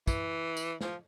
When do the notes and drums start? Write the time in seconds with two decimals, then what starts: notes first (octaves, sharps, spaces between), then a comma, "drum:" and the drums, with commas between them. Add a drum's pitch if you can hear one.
0.07 E3, drum: kick, tambourine
0.57 drum: tambourine
0.81 F3, drum: snare